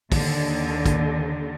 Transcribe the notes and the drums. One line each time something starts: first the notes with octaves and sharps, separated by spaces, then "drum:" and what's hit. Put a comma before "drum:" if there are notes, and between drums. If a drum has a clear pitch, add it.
D#2 D3 D#3, drum: kick, open hi-hat
drum: kick, hi-hat